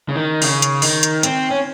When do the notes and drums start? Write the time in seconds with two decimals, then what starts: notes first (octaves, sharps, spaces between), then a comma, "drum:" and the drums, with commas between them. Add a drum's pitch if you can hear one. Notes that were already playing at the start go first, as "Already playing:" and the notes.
0.09 C#3
0.16 D#3
0.42 C#3, drum: open hi-hat
0.62 drum: hi-hat
0.82 D#3, drum: open hi-hat
1.03 drum: hi-hat
1.23 C4, drum: hi-hat
1.51 C#4